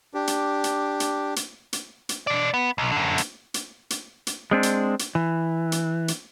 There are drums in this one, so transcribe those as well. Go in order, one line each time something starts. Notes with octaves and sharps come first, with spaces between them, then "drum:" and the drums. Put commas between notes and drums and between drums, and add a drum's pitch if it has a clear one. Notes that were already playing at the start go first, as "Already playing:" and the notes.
D4 G4
drum: hi-hat
drum: hi-hat
drum: hi-hat
drum: hi-hat
drum: hi-hat
drum: hi-hat
B2 D5
B3
B1
F#2 D3
drum: hi-hat
drum: hi-hat
drum: hi-hat
drum: hi-hat
G#3 C4 D4
drum: hi-hat
drum: hi-hat
E3
drum: hi-hat
drum: hi-hat